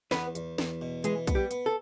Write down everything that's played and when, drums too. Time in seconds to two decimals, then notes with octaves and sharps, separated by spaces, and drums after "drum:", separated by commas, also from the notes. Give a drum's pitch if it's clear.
0.11 E2 B3 B4, drum: snare
0.35 E2, drum: hi-hat
0.58 E2, drum: snare
0.81 B2
1.04 E3 G#3 G#4, drum: hi-hat
1.27 B3, drum: kick, hi-hat
1.35 G3 G4
1.51 B3, drum: hi-hat
1.66 A4